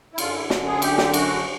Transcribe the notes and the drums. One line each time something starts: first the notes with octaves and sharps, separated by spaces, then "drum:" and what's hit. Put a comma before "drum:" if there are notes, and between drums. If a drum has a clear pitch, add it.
E4
F#2 D3 F4, drum: cymbal
E4
drum: snare
G#4
G4, drum: cymbal
drum: snare
F#4, drum: cymbal